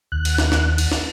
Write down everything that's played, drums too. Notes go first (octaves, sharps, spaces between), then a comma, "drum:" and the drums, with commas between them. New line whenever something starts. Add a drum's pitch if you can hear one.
D#2 F#6
drum: cymbal
drum: snare
drum: snare
drum: cymbal
drum: snare